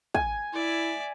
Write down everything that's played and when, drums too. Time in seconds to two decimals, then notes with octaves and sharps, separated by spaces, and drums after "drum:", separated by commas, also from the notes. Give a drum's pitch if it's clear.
0.14 G#5, drum: kick
0.53 E4 D5 E5